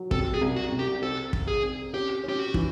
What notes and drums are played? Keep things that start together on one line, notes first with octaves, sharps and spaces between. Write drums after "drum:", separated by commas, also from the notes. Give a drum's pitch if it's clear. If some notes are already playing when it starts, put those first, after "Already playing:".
Already playing: F#3
C3 A4, drum: kick
G#4
C2
F#4
C2
G4
C4 A4
C4, drum: kick
G#4
C4
C#4 G4
C#4
G4
F#4
E3, drum: kick